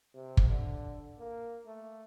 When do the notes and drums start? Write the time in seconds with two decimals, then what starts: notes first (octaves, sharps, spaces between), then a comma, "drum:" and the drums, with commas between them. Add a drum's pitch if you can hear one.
0.14 C3
0.37 drum: kick
0.49 D3
1.19 A#3
1.66 A3